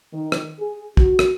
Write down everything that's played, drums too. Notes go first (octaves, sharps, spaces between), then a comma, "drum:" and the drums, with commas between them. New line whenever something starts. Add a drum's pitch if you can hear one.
D#3
drum: rim click
G#4
F#4, drum: kick
drum: rim click